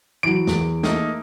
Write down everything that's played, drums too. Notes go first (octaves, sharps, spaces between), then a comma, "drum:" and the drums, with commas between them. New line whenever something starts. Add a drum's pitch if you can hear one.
E3 F#3 D7
E2, drum: snare
A3 A#3 D#4, drum: snare